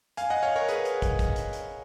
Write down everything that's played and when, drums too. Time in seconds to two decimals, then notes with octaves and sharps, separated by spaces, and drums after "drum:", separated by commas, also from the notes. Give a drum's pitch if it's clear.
0.17 F5 G#5, drum: hi-hat
0.30 D#5 F#5
0.43 C#5 F5
0.56 A#4 C#5
0.68 G#4 B4, drum: hi-hat
0.85 drum: hi-hat
1.02 drum: kick, hi-hat
1.19 drum: kick, hi-hat
1.36 drum: hi-hat
1.53 drum: hi-hat